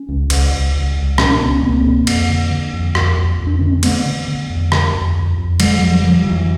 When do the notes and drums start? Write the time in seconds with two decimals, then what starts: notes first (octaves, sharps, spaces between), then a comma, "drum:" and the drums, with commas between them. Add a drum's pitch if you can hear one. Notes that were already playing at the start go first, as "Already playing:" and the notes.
Already playing: C#4
0.09 C#2
0.30 C#2, drum: cymbal
0.52 C#2
0.75 C#2
0.96 C#2
1.18 B2 C#4, drum: rim click
1.31 D4
1.40 C#2 B3 C#4
1.62 C#2 A#3 C4
1.85 B2
2.07 F2, drum: cymbal
2.29 D3
2.51 D3
2.73 F2
2.95 F2, drum: rim click
3.17 F2
3.40 F2
3.47 D4
3.59 D3 C#4
3.71 C4
3.83 D3 A3 B3, drum: cymbal
4.06 D3
4.28 D3
4.50 F2
4.72 D3, drum: rim click
4.94 F2
5.16 F2
5.38 F2
5.60 D3 F#3 G#3, drum: cymbal
5.82 F2 F3 G3
6.04 D3 F3 G3
6.26 F2 E3 F#3